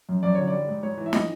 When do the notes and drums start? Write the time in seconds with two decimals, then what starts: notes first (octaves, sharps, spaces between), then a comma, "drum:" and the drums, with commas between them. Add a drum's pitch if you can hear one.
0.09 F#2
0.23 F#2 D5
0.35 D3 C#5
0.47 D5
0.53 G3
0.69 G#2
0.83 G#2 C#5
0.98 E3
1.06 E5
1.13 F3 D#5, drum: snare